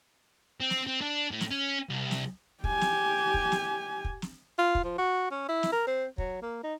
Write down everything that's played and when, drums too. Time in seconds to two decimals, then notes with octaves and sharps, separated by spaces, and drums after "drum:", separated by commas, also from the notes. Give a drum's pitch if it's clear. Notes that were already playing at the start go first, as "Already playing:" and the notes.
0.60 C4
0.70 drum: snare
0.87 C4
1.02 D4
1.32 A2
1.41 drum: snare
1.51 C#4
1.89 C2
2.11 drum: snare
2.64 G4 G#5, drum: kick
2.81 drum: snare
3.34 drum: kick
3.52 drum: snare
4.05 drum: kick
4.22 drum: snare
4.58 F4
4.75 drum: kick
4.84 F3
4.98 F#4
5.31 C#4
5.49 E4
5.63 drum: snare
5.72 A#4
5.87 C4
6.18 F#3, drum: kick
6.42 A#3
6.64 D#4